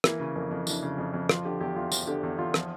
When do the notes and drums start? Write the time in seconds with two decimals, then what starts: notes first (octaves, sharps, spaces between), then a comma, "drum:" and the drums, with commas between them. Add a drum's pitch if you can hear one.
0.04 E3 A#3, drum: rim click
0.20 C#3
0.36 F2 A#3
0.51 F2
0.67 E3 D4, drum: tambourine
0.83 C#3
0.98 F2 E4
1.14 F2
1.29 F3 F4, drum: rim click
1.45 D3 G4
1.60 E2 G4
1.76 E2 F4
1.92 F3, drum: tambourine
2.07 D3 G4
2.23 E2
2.38 E2 F4
2.54 F3, drum: rim click